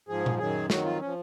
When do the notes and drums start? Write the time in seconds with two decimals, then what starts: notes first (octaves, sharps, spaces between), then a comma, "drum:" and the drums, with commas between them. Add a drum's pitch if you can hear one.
0.08 G#2 F3 G#4
0.26 drum: tom A#2
0.39 F#2 D#3 F#3 G#4
0.70 F2 D#3 F#3 F#4, drum: snare
0.84 F4
1.00 F3 C#4